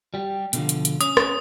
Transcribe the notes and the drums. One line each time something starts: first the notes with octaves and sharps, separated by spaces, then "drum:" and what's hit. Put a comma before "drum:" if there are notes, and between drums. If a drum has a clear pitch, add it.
G3 G4
B2 D3 F3, drum: hi-hat
drum: hi-hat
drum: hi-hat
C#4 D#6, drum: hi-hat
drum: rim click